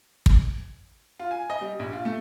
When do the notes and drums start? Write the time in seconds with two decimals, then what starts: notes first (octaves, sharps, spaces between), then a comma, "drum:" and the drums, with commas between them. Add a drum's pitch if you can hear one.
0.26 drum: kick
1.19 F4
1.31 G#5
1.50 D#5
1.61 G3
1.79 A#1
1.93 F4
2.05 A3